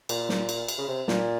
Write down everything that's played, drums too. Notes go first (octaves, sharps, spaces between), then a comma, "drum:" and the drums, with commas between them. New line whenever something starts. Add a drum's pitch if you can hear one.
A#2, drum: cymbal
drum: snare
drum: cymbal
drum: cymbal
C#3
C3
A#2, drum: snare